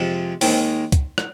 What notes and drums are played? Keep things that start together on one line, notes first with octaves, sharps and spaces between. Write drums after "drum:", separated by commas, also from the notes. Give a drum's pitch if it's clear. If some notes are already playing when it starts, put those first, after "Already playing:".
Already playing: F2 C3 F3 G#3
D#2 D#3 G#3 C4, drum: open hi-hat
drum: kick C#2, hi-hat
drum: rim click